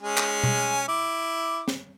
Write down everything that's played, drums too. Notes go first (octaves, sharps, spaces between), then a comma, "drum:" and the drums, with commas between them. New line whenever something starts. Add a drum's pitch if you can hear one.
G#3 C#4 G#5
drum: clap
drum: tom B2
E4 D6
drum: snare